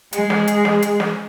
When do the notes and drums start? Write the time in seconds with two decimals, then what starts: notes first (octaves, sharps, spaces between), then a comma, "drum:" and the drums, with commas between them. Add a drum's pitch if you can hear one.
0.13 G#3 G#4, drum: hi-hat
0.30 drum: snare
0.48 drum: hi-hat
0.65 drum: snare
0.82 drum: hi-hat
1.00 drum: snare